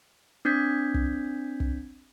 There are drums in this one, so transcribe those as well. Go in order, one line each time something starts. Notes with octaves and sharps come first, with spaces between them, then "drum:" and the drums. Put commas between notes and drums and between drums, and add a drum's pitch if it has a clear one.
C4 D4 G6 G#6 B6
drum: kick
drum: kick